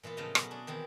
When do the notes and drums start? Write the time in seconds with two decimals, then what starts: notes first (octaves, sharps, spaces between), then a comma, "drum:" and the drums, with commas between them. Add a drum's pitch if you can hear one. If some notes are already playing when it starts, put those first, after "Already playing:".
0.03 A#2 E3 B3 F4
0.17 A2 C#3 F3 A3 D#5 F5
0.35 B2 F#3 C#4 F#4, drum: rim click
0.51 D4 G#4
0.67 D#3 E3 C4 G#4